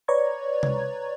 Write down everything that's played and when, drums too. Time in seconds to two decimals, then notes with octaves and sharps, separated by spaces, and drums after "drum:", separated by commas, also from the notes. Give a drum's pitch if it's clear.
0.08 B4 C#5 D5 A#5 C#6 G#6
0.63 drum: tom C3